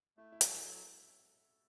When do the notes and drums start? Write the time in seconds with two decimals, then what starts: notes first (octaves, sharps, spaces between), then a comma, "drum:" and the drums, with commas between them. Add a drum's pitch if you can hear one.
0.17 A3 E4
0.32 E4
0.41 F#3 F#4, drum: hi-hat
0.64 F#3 A4